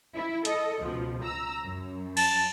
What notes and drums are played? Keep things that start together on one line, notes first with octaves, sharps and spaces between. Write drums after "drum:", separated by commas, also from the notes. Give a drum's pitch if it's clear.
E4
A4 D#5, drum: hi-hat
C#2 B2 F3
A#5 E6
F#2
A5, drum: cymbal